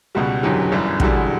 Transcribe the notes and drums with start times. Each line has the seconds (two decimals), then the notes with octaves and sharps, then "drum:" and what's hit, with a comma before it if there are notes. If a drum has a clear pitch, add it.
0.15 C#2 B2 G3 F#4
0.43 F#1 E2 D3 F#3 G4
0.72 G1 F#2 E3 G3
1.00 E1 E2 D3 G3 F#4, drum: kick